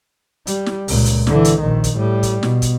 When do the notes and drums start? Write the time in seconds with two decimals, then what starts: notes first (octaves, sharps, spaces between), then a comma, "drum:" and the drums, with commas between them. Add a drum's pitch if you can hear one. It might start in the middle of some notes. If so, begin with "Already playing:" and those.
0.47 G3, drum: hi-hat
0.66 drum: snare
0.88 C#2 A#2, drum: open hi-hat
1.05 drum: hi-hat
1.27 D3 E3, drum: snare
1.45 drum: hi-hat
1.60 A#1 D#3
1.84 drum: kick, hi-hat
1.96 A2 G3
2.23 drum: kick, hi-hat
2.43 B2, drum: snare
2.62 drum: kick, hi-hat